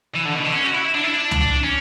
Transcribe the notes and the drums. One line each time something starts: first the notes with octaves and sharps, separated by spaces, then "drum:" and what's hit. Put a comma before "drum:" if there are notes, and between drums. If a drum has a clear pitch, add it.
E3
D3
B2
D3
C#4
F#4
E4
D4
E4
D4
drum: tom
C#4